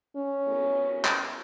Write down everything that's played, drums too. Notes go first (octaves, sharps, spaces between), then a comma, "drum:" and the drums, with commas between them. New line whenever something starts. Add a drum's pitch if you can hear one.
C#4
drum: cymbal
drum: clap